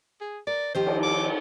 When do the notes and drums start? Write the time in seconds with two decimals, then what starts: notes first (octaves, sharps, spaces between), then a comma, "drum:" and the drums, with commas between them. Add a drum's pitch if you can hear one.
0.21 G#4
0.47 A#4 D5
0.75 D#3 F3 G4 C5
0.87 drum: cymbal
1.03 D6